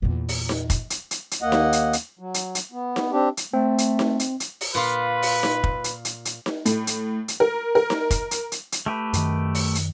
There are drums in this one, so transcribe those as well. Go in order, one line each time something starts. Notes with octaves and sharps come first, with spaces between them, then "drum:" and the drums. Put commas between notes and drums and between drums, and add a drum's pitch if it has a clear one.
E2 A#2
drum: open hi-hat
drum: snare D#4
drum: kick, hi-hat
drum: hi-hat
drum: hi-hat
drum: hi-hat
D#2 A#3 D#5 F#5
drum: snare D#4
drum: hi-hat
drum: hi-hat
F#3
drum: hi-hat
drum: hi-hat
B3
drum: snare D#4
C4 D4 G4
drum: hi-hat
A3 C4
drum: hi-hat
drum: snare D#4
drum: hi-hat
drum: hi-hat
drum: open hi-hat
A#2 F4 B4
drum: open hi-hat
drum: snare D#4
drum: kick
drum: hi-hat
drum: hi-hat
drum: hi-hat
drum: snare D#4
A2, drum: hi-hat
drum: hi-hat
drum: hi-hat
A#4
A#4
drum: snare D#4
drum: kick, hi-hat
drum: hi-hat
drum: hi-hat
drum: hi-hat
A3 G4 B4
F#2 D#3, drum: hi-hat
drum: open hi-hat
drum: hi-hat